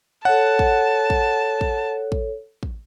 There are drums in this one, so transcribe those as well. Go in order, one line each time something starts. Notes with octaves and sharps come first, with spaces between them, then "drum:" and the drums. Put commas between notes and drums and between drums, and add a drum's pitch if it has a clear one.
A4 C#5 F#5 A5
drum: kick
drum: kick
drum: kick
drum: kick
drum: kick